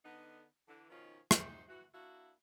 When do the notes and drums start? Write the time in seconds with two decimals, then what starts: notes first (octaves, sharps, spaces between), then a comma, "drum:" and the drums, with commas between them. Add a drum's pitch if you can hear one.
0.04 D3 B3 D#4
0.67 D3 E3
0.89 B2 D#3 F3 C#4 D#4 F4
1.31 C3 F#3 D#4 C5, drum: rim click
1.69 E3 F#4
1.93 A#3 D4 E4 F#4